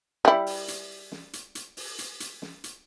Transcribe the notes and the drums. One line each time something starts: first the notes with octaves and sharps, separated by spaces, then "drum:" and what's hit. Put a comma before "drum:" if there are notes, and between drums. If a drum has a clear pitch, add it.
G3 E4
drum: open hi-hat
drum: hi-hat
drum: snare
drum: hi-hat
drum: hi-hat
drum: open hi-hat
drum: hi-hat
drum: hi-hat
drum: snare
drum: hi-hat